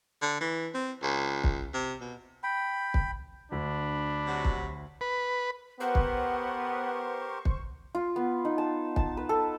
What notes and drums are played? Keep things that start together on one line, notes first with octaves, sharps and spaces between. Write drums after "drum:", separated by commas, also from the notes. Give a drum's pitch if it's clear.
D3
E3
C4
C#2
drum: kick
C3
B2
G5 B5
drum: kick
D2 D4 B5
C3 F#3 F#4
drum: kick
B4
B3 G4 A#4 C5 F#5 C#6
drum: kick
drum: kick
F4
B3
D#4
A5
A5, drum: kick
B4
A4